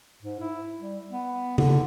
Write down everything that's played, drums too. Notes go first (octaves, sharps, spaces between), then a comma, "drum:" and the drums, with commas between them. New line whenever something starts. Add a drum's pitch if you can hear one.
G#2
E4
G3
B3
D3, drum: tom C#3